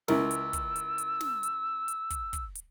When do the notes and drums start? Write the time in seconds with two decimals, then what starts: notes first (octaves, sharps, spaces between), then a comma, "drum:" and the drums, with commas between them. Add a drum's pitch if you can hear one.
0.08 C#2 E4 A#4 E6, drum: snare
0.31 drum: hi-hat
0.53 drum: kick, hi-hat
0.76 drum: hi-hat
0.98 drum: hi-hat
1.21 drum: snare
1.43 drum: hi-hat
1.88 drum: hi-hat
2.10 drum: kick, hi-hat
2.33 drum: kick, hi-hat
2.55 drum: hi-hat